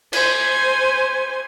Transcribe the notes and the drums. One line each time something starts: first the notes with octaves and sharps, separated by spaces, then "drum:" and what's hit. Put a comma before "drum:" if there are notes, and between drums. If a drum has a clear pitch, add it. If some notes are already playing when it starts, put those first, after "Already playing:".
C5 G#5, drum: cymbal